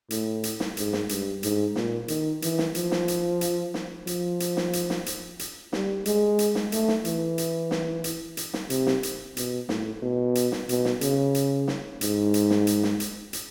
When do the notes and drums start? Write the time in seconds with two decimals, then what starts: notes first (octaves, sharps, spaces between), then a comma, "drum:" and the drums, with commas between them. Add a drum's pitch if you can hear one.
0.10 A2, drum: hi-hat
0.44 drum: hi-hat
0.60 drum: snare
0.77 G#2, drum: hi-hat
0.93 drum: snare
1.09 G2, drum: hi-hat
1.43 G#2, drum: hi-hat
1.76 A#2, drum: snare
2.08 D#3, drum: hi-hat
2.42 E3, drum: hi-hat
2.58 drum: snare
2.75 F3, drum: hi-hat
2.91 drum: snare
3.08 drum: hi-hat
3.41 drum: hi-hat
3.74 drum: snare
4.07 F3, drum: hi-hat
4.40 drum: hi-hat
4.57 drum: snare
4.73 drum: hi-hat
4.90 drum: snare
5.06 drum: hi-hat
5.39 drum: hi-hat
5.73 G3, drum: snare
6.05 G#3, drum: hi-hat
6.39 drum: hi-hat
6.55 drum: snare
6.72 A3, drum: hi-hat
6.88 drum: snare
7.05 E3, drum: hi-hat
7.38 drum: hi-hat
7.71 drum: snare
8.04 drum: hi-hat
8.37 drum: hi-hat
8.54 drum: snare
8.70 C3, drum: hi-hat
8.87 drum: snare
9.03 drum: hi-hat
9.37 B2, drum: hi-hat
9.69 A2, drum: snare
10.03 B2
10.35 drum: hi-hat
10.52 drum: snare
10.69 B2, drum: hi-hat
10.85 drum: snare
11.01 C#3, drum: hi-hat
11.35 drum: hi-hat
11.68 drum: snare
12.01 G#2, drum: hi-hat
12.34 drum: hi-hat
12.50 drum: snare
12.67 drum: hi-hat
12.83 drum: snare
13.00 drum: hi-hat
13.33 drum: hi-hat